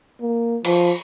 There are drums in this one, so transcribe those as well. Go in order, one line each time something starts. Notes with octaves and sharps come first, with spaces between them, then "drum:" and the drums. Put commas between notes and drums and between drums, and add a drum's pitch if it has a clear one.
A#3
F3, drum: cymbal